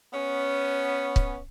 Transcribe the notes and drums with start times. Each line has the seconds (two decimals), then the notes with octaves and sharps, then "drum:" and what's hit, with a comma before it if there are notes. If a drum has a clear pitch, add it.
0.13 B3 C#4
1.16 drum: kick C#1